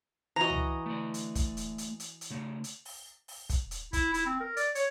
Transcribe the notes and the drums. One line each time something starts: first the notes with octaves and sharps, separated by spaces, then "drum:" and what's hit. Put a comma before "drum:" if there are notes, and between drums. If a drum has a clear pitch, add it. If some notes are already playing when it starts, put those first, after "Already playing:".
E3 F#4 D#5 A#5
drum: tom C#2
A3 D5
drum: hi-hat
drum: kick, hi-hat
drum: hi-hat
drum: hi-hat
drum: hi-hat
drum: hi-hat
C#3 A3
drum: hi-hat
drum: open hi-hat
drum: open hi-hat
drum: kick, hi-hat
drum: hi-hat
E4, drum: kick, hi-hat
E4, drum: hi-hat
C4
A#4
D5, drum: hi-hat
C#5, drum: hi-hat